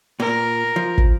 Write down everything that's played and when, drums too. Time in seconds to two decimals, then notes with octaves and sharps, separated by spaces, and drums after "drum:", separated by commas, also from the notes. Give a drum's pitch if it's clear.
0.20 A#2 A#4
0.76 F3
0.98 drum: kick